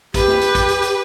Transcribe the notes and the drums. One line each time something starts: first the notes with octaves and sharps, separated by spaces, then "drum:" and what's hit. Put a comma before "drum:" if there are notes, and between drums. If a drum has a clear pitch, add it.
G4 B4, drum: kick, hi-hat
drum: snare
drum: hi-hat
drum: kick, hi-hat
drum: hi-hat
drum: hi-hat